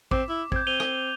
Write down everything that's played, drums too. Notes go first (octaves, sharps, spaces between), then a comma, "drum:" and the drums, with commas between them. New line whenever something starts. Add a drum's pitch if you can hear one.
C4 D6, drum: kick
E4
C4 G6 G#6, drum: kick
C4 D#7 F7 G7
drum: rim click